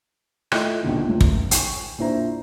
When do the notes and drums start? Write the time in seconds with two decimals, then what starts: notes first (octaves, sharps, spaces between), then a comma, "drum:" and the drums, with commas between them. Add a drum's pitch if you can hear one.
0.52 A3 E4 F4 D#5 G5, drum: rim click
0.83 A#1 B2 D3 D#3
1.08 C#2 A2
1.21 drum: kick
1.51 G5 G#5 C#6, drum: hi-hat
1.98 A#2 D4 E4 C5 A#5